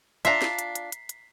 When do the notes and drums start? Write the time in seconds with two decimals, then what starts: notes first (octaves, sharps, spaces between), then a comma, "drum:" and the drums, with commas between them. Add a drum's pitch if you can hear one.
0.25 D4 F4 E5 A#5 B6 C7, drum: hi-hat
0.42 drum: snare
0.59 drum: hi-hat
0.75 drum: hi-hat
0.92 drum: hi-hat
1.09 drum: hi-hat